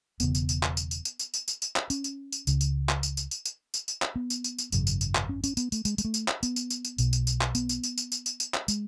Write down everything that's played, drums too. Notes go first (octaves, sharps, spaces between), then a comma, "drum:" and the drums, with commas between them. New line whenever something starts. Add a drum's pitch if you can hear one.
E1 E2 C#3 B3, drum: tambourine
drum: tambourine
drum: tambourine
drum: clap
drum: tambourine
drum: tambourine
drum: tambourine
drum: tambourine
drum: tambourine
drum: tambourine
drum: tambourine
drum: clap
C#4, drum: tambourine
drum: tambourine
drum: tambourine
C#2 C#3, drum: tambourine
drum: tambourine
drum: clap
drum: tambourine
drum: tambourine
drum: tambourine
drum: tambourine
drum: tambourine
drum: tambourine
drum: clap
B3
drum: tambourine
drum: tambourine
drum: tambourine
G#1 F#2 C#3, drum: tambourine
drum: tambourine
drum: tambourine
drum: clap
C#4
C#4, drum: tambourine
B3, drum: tambourine
A3, drum: tambourine
G#3, drum: tambourine
G#3, drum: tambourine
A3
drum: tambourine
drum: clap
B3, drum: tambourine
drum: tambourine
drum: tambourine
drum: tambourine
B1 B2, drum: tambourine
drum: tambourine
drum: tambourine
drum: clap
B3, drum: tambourine
drum: tambourine
drum: tambourine
drum: tambourine
drum: tambourine
drum: tambourine
drum: tambourine
drum: clap
G#3, drum: tambourine